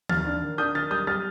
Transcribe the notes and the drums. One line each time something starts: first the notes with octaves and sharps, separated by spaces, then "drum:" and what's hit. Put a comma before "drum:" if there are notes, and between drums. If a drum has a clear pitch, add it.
D#2 F6 A6, drum: tom E3
D4
D#3
D4 D#6 G6
D#3 F6 A6
G3 D#6 G6
G3 F6 A6